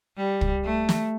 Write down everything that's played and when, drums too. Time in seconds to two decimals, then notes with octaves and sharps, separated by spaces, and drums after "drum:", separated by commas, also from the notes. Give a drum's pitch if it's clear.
0.17 G3
0.41 drum: kick
0.64 A3
0.89 drum: snare